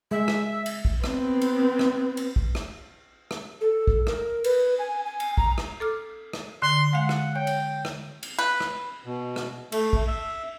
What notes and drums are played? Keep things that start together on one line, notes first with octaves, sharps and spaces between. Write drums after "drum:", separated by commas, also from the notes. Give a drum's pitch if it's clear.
G#3 E5
drum: rim click
drum: cymbal
drum: kick
B3 C4, drum: rim click
drum: cymbal
drum: rim click
drum: cymbal
drum: kick
drum: rim click
drum: rim click
A4
drum: kick
A#4, drum: rim click
B4, drum: cymbal
G#5
G#5
drum: cymbal
A#5, drum: kick
drum: rim click
A4 D6 F6
drum: rim click
D3 C6
G#3 F5 F#5
drum: rim click
C#5 G5
drum: cymbal
drum: rim click
drum: cymbal
B4
drum: rim click
B2
drum: rim click
A3, drum: cymbal
drum: kick
E5